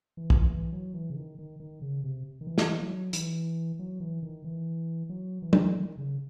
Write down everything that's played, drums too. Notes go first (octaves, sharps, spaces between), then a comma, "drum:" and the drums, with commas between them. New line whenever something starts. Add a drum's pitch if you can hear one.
E3
drum: kick
E3
F#3
E3
C#3
D#3
D#3
D#3
C#3
C3
D#3
E3
drum: snare
F#3
E3, drum: hi-hat
F#3
E3
D#3
E3
F#3
E3
drum: tom
D#3
C#3